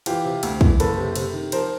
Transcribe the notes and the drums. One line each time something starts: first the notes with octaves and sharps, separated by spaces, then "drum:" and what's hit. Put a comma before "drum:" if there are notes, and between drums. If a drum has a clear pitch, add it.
E3 F4 G4, drum: cymbal
C3
D2, drum: cymbal
E3, drum: kick
F#1 A4 B4, drum: cymbal
C3
C3, drum: cymbal
D#3
F3 A#4 C5, drum: cymbal